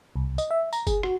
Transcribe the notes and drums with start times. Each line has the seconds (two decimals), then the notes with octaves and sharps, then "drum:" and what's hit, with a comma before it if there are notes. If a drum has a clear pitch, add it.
0.16 C2
0.38 D#5, drum: tambourine
0.51 E5
0.73 A#5, drum: tambourine
0.87 G#4, drum: kick F#1, tambourine
1.03 F#4, drum: rim click